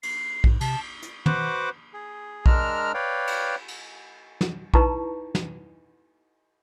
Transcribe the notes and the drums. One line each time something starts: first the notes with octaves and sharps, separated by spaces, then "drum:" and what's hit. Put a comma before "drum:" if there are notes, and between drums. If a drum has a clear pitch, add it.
C7, drum: cymbal
G#2, drum: kick A#1
C3 A5, drum: cymbal
drum: hi-hat
F#4 B4 C5 F#5 D6, drum: tom
G#4
G#3 D4 A#4 A#5 E6 F6, drum: kick A#1
B4 C#5 D5 F5 G5
drum: cymbal
drum: cymbal
drum: snare
D#4 E4 B4 A5 A#5 C#6, drum: kick A#1
drum: snare